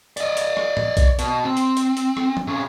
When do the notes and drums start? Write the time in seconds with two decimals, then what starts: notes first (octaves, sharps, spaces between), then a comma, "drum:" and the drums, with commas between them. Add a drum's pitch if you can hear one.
0.17 D5 D#5, drum: hi-hat
0.37 drum: hi-hat
0.57 drum: rim click
0.77 drum: tom A2
0.97 drum: kick, hi-hat
1.19 B2, drum: hi-hat
1.45 C4
1.57 drum: hi-hat
1.77 drum: hi-hat
1.97 drum: hi-hat
2.17 drum: rim click
2.37 drum: tom
2.47 C3 C#4